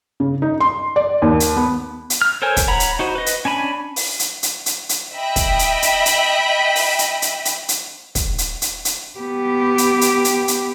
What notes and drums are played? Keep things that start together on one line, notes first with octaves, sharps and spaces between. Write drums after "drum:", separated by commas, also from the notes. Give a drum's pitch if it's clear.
C#3
D#4
C6
D5
D#2
drum: hi-hat
B3
drum: hi-hat
F6
A4 A#4 C5 C#5 G#5
drum: kick, hi-hat
C#5 F#5 A#5 B5
drum: hi-hat
D#4 F#4 C5
B4 D#5
drum: hi-hat
C#4 D4 G#5 B5
drum: open hi-hat
drum: hi-hat
drum: hi-hat
drum: hi-hat
drum: hi-hat
D#5 E5 G5 B5
drum: kick, hi-hat
drum: hi-hat
drum: hi-hat
drum: hi-hat
drum: open hi-hat
drum: hi-hat
drum: hi-hat
drum: hi-hat
drum: hi-hat
drum: kick, hi-hat
drum: hi-hat
drum: hi-hat
drum: hi-hat
B3 G4
drum: hi-hat
drum: hi-hat
drum: hi-hat
drum: hi-hat